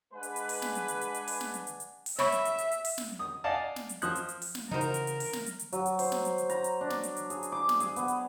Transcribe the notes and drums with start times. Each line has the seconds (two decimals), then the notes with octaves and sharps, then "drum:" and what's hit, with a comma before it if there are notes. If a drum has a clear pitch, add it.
0.14 G#3 D4 B4 F#5 G#5
0.23 drum: hi-hat
0.36 drum: hi-hat
0.49 drum: open hi-hat
0.62 drum: snare
0.75 drum: hi-hat
0.88 drum: hi-hat
1.01 drum: hi-hat
1.14 drum: hi-hat
1.28 drum: open hi-hat
1.41 drum: snare
1.54 drum: hi-hat
1.67 drum: hi-hat
1.80 drum: hi-hat
2.06 drum: open hi-hat
2.19 C#5 E5 B5 C#6, drum: snare
2.32 drum: hi-hat
2.45 drum: hi-hat
2.58 drum: hi-hat
2.71 drum: hi-hat
2.85 drum: open hi-hat
2.98 drum: snare
3.19 D#6
3.44 D5 D#5 F5 F#5 G#5 A5
3.76 drum: snare
3.89 drum: hi-hat
4.02 F3 D#6 F#6, drum: hi-hat
4.15 drum: hi-hat
4.29 drum: hi-hat
4.42 drum: open hi-hat
4.55 drum: snare
4.71 C#3 E3 D#4 F#4 A#4 C5
4.81 drum: hi-hat
4.94 drum: hi-hat
5.07 drum: hi-hat
5.20 drum: open hi-hat
5.33 drum: snare
5.46 drum: hi-hat
5.59 drum: hi-hat
5.73 F#3, drum: hi-hat
5.86 drum: hi-hat
5.99 C5, drum: open hi-hat
6.12 drum: snare
6.25 drum: hi-hat
6.38 drum: hi-hat
6.49 A#5, drum: hi-hat
6.64 drum: hi-hat
6.81 D4
6.90 drum: snare
7.03 drum: hi-hat
7.16 drum: hi-hat
7.30 G#4, drum: hi-hat
7.43 drum: hi-hat
7.52 D6
7.69 drum: snare
7.80 G#4, drum: hi-hat
7.96 B3, drum: hi-hat
8.08 drum: hi-hat